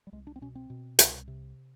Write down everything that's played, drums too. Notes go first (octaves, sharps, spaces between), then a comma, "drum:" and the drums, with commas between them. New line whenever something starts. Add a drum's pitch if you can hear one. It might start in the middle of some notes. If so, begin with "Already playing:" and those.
G3
C2 G#3
D4
C4
B2 C#4
C4
B2
C2, drum: hi-hat
C3